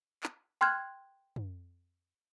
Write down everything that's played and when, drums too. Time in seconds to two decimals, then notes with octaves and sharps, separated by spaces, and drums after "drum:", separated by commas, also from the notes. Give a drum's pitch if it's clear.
0.23 drum: clap
0.61 G5 C6 F6 F#6 G#6
1.36 drum: tom